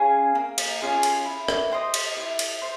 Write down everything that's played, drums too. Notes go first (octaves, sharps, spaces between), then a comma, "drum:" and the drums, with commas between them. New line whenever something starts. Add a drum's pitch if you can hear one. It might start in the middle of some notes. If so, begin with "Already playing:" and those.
Already playing: C#4 F4 G#4
A#3
drum: cymbal
C#4 F4 G#4
drum: cymbal
E4
drum: rim click
G4 C5 D#5
drum: cymbal
E4
drum: cymbal
C5